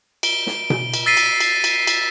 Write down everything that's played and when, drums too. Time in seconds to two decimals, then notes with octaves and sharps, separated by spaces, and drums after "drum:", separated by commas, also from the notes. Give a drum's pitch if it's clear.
0.23 D7 G7, drum: cymbal
0.47 drum: snare
0.70 drum: tom B2
0.94 drum: cymbal
1.06 E6 A6 B6 C7 D#7
1.17 drum: cymbal
1.40 drum: cymbal
1.64 drum: cymbal
1.87 drum: cymbal